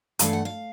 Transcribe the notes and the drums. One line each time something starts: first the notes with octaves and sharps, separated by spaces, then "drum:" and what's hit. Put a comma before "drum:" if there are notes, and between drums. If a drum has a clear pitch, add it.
G2 E3 A3 F5, drum: hi-hat
F#5
F5